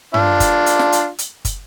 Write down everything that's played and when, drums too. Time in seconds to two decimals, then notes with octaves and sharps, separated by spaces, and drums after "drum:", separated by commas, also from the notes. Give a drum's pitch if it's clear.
0.14 D4 F4, drum: tom
0.40 drum: kick, hi-hat
0.66 drum: hi-hat
0.79 drum: snare
0.92 drum: hi-hat
1.19 drum: hi-hat
1.45 drum: kick, hi-hat